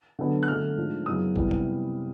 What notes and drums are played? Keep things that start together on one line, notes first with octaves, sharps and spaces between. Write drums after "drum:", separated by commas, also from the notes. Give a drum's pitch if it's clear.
D3 F#3 B3 D4
F#6
D3 F#3 A3 F6
G#2 F3 A3 D4
F#2 C#3 F#3 B3 E4 D#6
C3 E3 G3 B3, drum: kick G#1
drum: tom E2